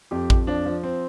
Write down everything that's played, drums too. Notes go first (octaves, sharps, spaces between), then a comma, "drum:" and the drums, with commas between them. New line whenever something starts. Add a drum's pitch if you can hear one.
F2 G4
F2, drum: kick A1
F3 D4
F3
C4